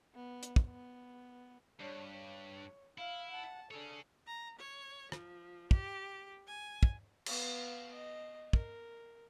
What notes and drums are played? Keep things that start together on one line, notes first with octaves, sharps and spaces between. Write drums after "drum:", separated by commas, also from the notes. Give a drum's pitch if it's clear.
B3
drum: hi-hat
drum: kick
B3
G2 D4 C#5
C#5
E4 F5
F#5 A5
D4 G#4 A4 C#5
A#5
C#5
F3, drum: rim click
G4, drum: kick
G#5
drum: kick
B3 F5, drum: cymbal
D#5
A#4, drum: kick